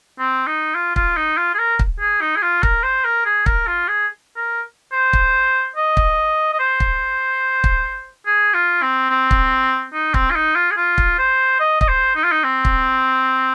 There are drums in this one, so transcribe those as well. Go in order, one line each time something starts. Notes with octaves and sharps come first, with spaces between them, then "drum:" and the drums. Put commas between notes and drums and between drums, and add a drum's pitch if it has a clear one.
C4
D#4
F4
F4, drum: kick
D#4
F4
G#4
A#4
drum: kick
G#4
D#4
G#4
F4
A#4, drum: kick
C5
A#4
G#4
A#4, drum: kick
F4
G#4
A#4
C5
drum: kick
D#5
drum: kick
D#5
C5
drum: kick
drum: kick
G#4
F4
C4
C4
drum: kick
D#4
C4, drum: kick
F4
D#4
F4
G#4
F4
drum: kick
C5
D#5
D#5, drum: kick
C5
D#4
F4
D#4
C4
drum: kick